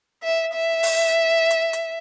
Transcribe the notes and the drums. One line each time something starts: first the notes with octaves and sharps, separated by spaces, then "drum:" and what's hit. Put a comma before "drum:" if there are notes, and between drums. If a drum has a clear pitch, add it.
E5
E5
drum: open hi-hat
drum: hi-hat
drum: hi-hat